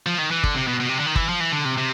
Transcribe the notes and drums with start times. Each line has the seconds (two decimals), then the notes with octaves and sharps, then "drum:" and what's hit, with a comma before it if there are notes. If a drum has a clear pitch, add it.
0.06 F3
0.18 D#3
0.31 E3
0.44 D3, drum: kick
0.55 C3
0.67 B2
0.80 B2
0.89 C3
0.98 D3
1.06 D#3
1.15 E3, drum: kick
1.29 F3
1.40 E3
1.52 D3
1.65 C3
1.77 C3